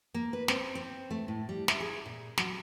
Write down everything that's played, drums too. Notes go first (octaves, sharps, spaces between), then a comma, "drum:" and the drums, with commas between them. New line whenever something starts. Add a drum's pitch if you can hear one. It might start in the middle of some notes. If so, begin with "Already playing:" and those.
A#3
B4
C4, drum: snare
C4
A3
A2
G3
E5, drum: snare
G#4
A#2
F#3, drum: snare